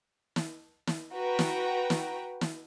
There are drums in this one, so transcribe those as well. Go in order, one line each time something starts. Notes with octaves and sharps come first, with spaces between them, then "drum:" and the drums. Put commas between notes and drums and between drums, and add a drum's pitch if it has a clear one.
drum: snare
drum: snare
F#4 B4 G5 A#5
drum: snare
drum: snare
drum: snare